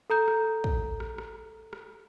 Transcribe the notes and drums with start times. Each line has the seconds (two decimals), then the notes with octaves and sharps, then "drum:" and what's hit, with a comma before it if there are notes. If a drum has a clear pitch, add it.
0.10 A4 A#5 G6
0.28 drum: rim click
0.64 drum: kick
1.00 drum: rim click
1.18 drum: rim click
1.73 drum: rim click